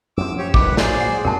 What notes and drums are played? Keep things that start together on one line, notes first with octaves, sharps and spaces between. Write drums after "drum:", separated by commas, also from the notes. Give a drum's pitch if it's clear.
F#2 F3 D6 E6
G4 C#5
G1 D3 D#3 B4 F#5 D6, drum: kick
A#2 F#3 G#4 C5 D5, drum: snare
F#5
C2 F#2 A2 F#4 A#4 A5